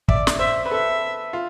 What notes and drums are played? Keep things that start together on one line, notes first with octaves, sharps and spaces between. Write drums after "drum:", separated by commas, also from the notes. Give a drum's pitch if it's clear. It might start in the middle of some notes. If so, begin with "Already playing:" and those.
D5 E5, drum: kick
drum: snare
C5 E5
B4
A4 E5
F4